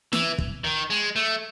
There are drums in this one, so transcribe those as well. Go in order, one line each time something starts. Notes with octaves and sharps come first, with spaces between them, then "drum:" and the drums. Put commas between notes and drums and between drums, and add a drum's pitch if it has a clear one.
E3, drum: snare
drum: kick
D#3
G#3
A3